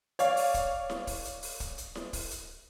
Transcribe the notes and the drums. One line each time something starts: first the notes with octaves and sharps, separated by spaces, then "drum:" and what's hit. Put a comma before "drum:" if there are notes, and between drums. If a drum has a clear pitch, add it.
C#5 D5 F5, drum: hi-hat
drum: open hi-hat
drum: kick, hi-hat
drum: snare E4
drum: kick, open hi-hat
drum: hi-hat
drum: open hi-hat
drum: kick, hi-hat
drum: hi-hat
drum: snare E4
drum: kick, open hi-hat
drum: hi-hat